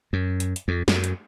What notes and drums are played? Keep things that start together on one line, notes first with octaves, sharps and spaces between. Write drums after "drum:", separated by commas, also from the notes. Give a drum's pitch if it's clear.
F#2
drum: hi-hat
drum: hi-hat
F2
F#2, drum: snare
drum: hi-hat